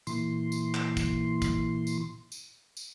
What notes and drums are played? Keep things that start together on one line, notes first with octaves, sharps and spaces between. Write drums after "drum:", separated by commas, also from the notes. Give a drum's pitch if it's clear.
A#2 E3 C6, drum: tambourine
drum: tambourine
drum: clap
drum: kick, tambourine
drum: kick, tambourine
drum: tambourine
drum: tambourine
drum: tambourine